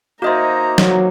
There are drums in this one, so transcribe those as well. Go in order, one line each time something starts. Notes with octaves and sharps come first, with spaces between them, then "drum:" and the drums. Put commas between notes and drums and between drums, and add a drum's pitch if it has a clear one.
A#3 D#4 F#4 C5 D#5 E5 A#5
F#3, drum: snare